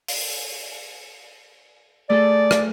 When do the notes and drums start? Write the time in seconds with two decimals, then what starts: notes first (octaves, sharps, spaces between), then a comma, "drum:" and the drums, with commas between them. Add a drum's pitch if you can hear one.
0.08 drum: open hi-hat
2.10 A3 G#4 A4 D5
2.51 drum: rim click